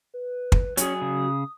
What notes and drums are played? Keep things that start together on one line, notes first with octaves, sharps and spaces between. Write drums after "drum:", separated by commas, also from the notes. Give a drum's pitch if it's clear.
B4
drum: kick
F#3 C#4 G#4, drum: hi-hat
C#3 D#6